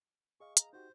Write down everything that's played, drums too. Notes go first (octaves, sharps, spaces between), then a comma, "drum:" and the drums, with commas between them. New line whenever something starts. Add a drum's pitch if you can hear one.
G#4 D#5 F5 C#6
A#5, drum: hi-hat
D#4 F#4 G4 C5